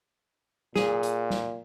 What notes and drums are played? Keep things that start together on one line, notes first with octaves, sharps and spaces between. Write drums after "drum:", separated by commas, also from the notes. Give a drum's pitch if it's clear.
A#2 G#4, drum: snare
drum: hi-hat
drum: snare